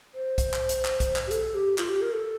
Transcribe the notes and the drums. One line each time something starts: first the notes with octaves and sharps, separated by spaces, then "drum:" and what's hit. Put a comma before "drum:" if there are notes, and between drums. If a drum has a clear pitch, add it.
C5
drum: kick B1, hi-hat
drum: clap
drum: hi-hat
drum: clap
drum: kick B1, hi-hat
drum: clap
G4
A4, drum: hi-hat
G4
F4, drum: clap
G4
A#4
A4